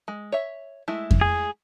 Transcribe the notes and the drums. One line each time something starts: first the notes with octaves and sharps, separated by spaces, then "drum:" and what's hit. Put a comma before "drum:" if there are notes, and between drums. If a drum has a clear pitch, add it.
G#3
C#5 E5
G#3 A3 E4
drum: kick F2
G#4